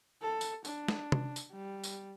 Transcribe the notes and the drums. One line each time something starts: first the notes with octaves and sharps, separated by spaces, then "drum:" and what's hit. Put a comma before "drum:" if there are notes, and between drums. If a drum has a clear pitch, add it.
A4
drum: tambourine
D4, drum: tambourine
drum: snare
drum: tom
drum: tambourine
G3
drum: tambourine